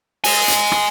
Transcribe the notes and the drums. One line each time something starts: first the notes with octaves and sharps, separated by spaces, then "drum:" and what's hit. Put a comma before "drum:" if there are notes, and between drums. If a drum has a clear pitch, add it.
D#5 G#5, drum: open hi-hat
drum: hi-hat
drum: rim click